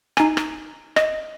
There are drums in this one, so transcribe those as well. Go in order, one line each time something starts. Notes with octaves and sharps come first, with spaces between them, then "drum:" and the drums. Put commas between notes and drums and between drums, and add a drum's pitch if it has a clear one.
D#4 G#5, drum: rim click
drum: rim click
D#5, drum: rim click